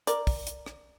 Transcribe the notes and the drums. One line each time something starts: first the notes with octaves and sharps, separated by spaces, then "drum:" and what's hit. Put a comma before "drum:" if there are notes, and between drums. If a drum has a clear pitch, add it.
A#4 D5, drum: hi-hat
drum: kick, open hi-hat
drum: hi-hat
drum: rim click